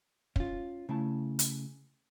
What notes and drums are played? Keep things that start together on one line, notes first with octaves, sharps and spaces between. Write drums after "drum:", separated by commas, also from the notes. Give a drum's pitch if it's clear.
C#4 F4, drum: kick
C#3 A3 E4 A5
drum: hi-hat